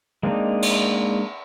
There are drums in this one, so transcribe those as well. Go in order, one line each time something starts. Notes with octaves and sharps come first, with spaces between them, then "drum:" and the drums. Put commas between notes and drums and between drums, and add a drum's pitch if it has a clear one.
G#3 A#3 C4 D4 D#4
drum: cymbal